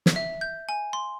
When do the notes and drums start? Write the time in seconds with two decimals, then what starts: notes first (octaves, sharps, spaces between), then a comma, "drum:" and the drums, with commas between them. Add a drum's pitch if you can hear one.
0.06 drum: snare
0.16 E5
0.41 G6
0.69 G#5
0.93 C6